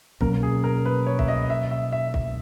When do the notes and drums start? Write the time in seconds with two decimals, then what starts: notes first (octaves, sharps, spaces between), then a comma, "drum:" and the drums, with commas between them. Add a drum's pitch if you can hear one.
0.21 B2 F#3 A#3 C#4 A#4, drum: kick
0.43 G#4
0.64 A#4
0.85 B4
1.06 C#5
1.19 E5, drum: kick
1.28 D#5
1.50 E5
1.71 E5
1.92 E5
2.14 E5, drum: kick